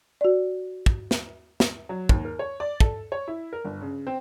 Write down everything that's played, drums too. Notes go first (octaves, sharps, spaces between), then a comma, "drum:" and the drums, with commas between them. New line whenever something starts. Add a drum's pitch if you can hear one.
F#4 D5
drum: kick
drum: snare
drum: snare
F#3
D#2, drum: kick
A#4
C#5
D5
A4, drum: kick
C#5
E4
A#4
G1
C#3
C4